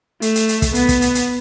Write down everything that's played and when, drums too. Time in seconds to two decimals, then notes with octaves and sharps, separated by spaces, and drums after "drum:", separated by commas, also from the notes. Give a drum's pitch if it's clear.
0.22 A3, drum: hi-hat
0.35 drum: hi-hat
0.49 drum: hi-hat
0.62 drum: kick, hi-hat
0.75 B3, drum: hi-hat
0.89 drum: kick, hi-hat
1.02 drum: hi-hat
1.15 drum: hi-hat